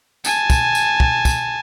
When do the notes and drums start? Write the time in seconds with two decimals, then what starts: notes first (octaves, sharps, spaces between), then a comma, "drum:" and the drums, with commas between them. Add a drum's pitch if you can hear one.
0.25 G#5 A5, drum: tambourine
0.50 drum: kick, tambourine
0.75 drum: tambourine
1.00 drum: kick
1.25 drum: kick, tambourine